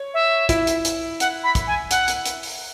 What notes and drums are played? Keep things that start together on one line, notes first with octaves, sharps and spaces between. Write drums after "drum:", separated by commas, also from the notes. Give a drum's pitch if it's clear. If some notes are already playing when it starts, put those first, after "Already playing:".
Already playing: C#5
E5
E4, drum: kick, hi-hat
drum: hi-hat
drum: hi-hat
F#5, drum: hi-hat
B5
drum: kick, hi-hat
G#5
F#5, drum: hi-hat
drum: hi-hat
drum: hi-hat
drum: open hi-hat